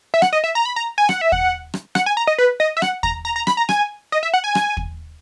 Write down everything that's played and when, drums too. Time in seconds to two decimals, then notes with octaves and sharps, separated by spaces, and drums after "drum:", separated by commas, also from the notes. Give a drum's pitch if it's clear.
0.14 E5
0.22 F#5, drum: rim click
0.33 D#5
0.44 E5
0.55 A#5
0.66 B5
0.76 A#5
0.98 G#5
1.09 F#5, drum: rim click
1.21 E5
1.32 F#5, drum: kick
1.74 drum: rim click
1.95 F#5, drum: rim click
2.06 G#5
2.17 A#5
2.27 D#5
2.38 B4
2.60 D#5
2.77 E5
2.82 F#5, drum: rim click
3.03 A#5, drum: kick
3.25 A#5
3.36 A#5
3.47 B5, drum: rim click
3.57 A#5
3.69 G#5, drum: rim click
4.12 D#5
4.23 E5
4.34 F#5
4.44 G#5
4.55 drum: rim click
4.77 drum: kick